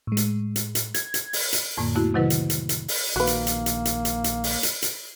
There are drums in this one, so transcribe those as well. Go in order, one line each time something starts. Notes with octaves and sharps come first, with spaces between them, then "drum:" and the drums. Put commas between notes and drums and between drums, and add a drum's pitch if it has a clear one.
A2 G#3
drum: hi-hat
drum: hi-hat
drum: hi-hat
G#6, drum: hi-hat
drum: hi-hat
drum: open hi-hat
drum: hi-hat
F2 A2 D3 A#3
A3 B3 E4 F#4
C3 D#3 F#3 E4 B4
drum: hi-hat
drum: hi-hat
drum: hi-hat
drum: open hi-hat
A#1 D#3 A#3 F#4 B4
drum: hi-hat
drum: hi-hat
drum: hi-hat
drum: hi-hat
drum: hi-hat
drum: hi-hat
drum: open hi-hat
drum: hi-hat
drum: hi-hat